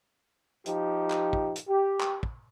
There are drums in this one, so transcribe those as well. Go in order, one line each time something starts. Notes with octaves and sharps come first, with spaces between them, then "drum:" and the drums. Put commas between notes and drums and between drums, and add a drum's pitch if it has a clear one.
F3 D#4 G4, drum: hi-hat
drum: clap
drum: kick
drum: hi-hat
G4
drum: clap
drum: kick